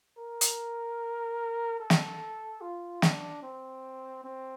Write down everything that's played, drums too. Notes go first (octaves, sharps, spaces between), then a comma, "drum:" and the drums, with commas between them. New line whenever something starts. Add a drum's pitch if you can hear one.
A#4
drum: hi-hat
A4
drum: snare
F4
D4, drum: snare
C4
C4